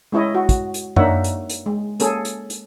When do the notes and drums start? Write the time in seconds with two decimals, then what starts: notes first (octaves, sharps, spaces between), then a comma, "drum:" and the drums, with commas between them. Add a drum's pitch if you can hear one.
0.12 G#3 C#4 E4 C#5 D#5
0.35 F#4
0.49 drum: kick, hi-hat
0.74 drum: hi-hat
0.96 A#3 D4 D#4 C#5 E5 F#5, drum: tom F#2
1.24 drum: hi-hat
1.49 drum: hi-hat
1.66 G#3
2.00 A#3 C#4 G#4 A4, drum: hi-hat
2.25 drum: hi-hat
2.50 drum: hi-hat